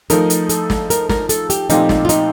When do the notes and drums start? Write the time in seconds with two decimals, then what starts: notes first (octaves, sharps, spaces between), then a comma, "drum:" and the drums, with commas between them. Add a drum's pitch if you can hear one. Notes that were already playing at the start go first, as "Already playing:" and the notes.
0.10 F3 A3 D#4 A#4, drum: hi-hat
0.30 drum: hi-hat
0.49 A4, drum: hi-hat
0.70 drum: snare
0.90 A#4, drum: hi-hat
1.09 A#4, drum: snare
1.29 A4, drum: hi-hat
1.50 G4, drum: hi-hat
1.70 A#2 F3 A3 C4 D#4 G4, drum: hi-hat
1.89 drum: snare
2.05 F4
2.09 D#4, drum: hi-hat